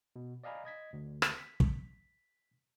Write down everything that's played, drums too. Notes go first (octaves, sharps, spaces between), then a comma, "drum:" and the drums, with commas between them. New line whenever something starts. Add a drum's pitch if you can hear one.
B2
D5 D#5 F5 G#5 A#5 B5
D#5 G#6 B6
D2
drum: rim click
B6
drum: kick